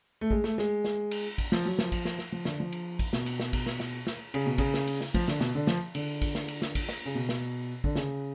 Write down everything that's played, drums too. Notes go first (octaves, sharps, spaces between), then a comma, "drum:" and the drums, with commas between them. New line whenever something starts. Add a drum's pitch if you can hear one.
A3
G#3, drum: kick A1
A3, drum: snare
G#3, drum: snare
drum: snare
drum: cymbal
drum: kick A1, cymbal
F3, drum: snare
F#3
F3, drum: snare
drum: kick A1, cymbal
drum: snare
drum: snare
F3
D3, drum: snare
F3
drum: cymbal
drum: kick A1, cymbal
B2, drum: snare
drum: cymbal
drum: snare
drum: kick A1, cymbal
drum: snare
drum: snare
drum: snare
C#3, drum: cymbal
B2
C#3, drum: kick A1, cymbal
drum: snare
drum: cymbal
drum: snare
F3, drum: kick A1, cymbal
D3, drum: snare
B2, drum: snare
D3
F3, drum: snare
D3, drum: cymbal
drum: kick A1, cymbal
drum: snare
drum: cymbal
drum: snare
drum: kick A1, cymbal
drum: snare
C#3
B2
drum: snare
D3, drum: kick A1
C#3, drum: snare